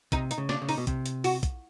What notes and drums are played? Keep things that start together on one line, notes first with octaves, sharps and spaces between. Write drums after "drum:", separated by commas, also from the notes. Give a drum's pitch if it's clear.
C3 D#4, drum: kick, hi-hat
D#4, drum: hi-hat
C#3
D4, drum: snare
C#3
D#4, drum: open hi-hat
B2
C3, drum: kick, hi-hat
drum: hi-hat
F#4, drum: open hi-hat
drum: kick, hi-hat